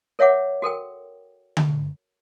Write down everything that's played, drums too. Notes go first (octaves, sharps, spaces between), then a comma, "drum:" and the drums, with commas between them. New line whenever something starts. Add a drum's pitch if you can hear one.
A#4 C#5 E5 F#5 D6
F#4 A4 A#4 G5
drum: tom D3